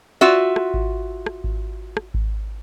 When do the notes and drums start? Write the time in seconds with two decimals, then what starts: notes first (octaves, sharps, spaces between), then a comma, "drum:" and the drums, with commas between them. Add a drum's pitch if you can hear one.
0.21 F4 F#4 E5
0.56 drum: rim click
0.74 drum: kick G#1
1.26 drum: rim click
1.44 drum: kick G#1
1.97 drum: rim click
2.14 drum: kick G#1